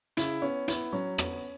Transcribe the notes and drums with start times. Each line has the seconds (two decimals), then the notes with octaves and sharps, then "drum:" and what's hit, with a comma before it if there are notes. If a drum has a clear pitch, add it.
0.17 C#3 E4, drum: hi-hat
0.42 B3 C#4
0.68 B3 E4, drum: hi-hat
0.93 F#3 C#4
1.18 B3, drum: rim click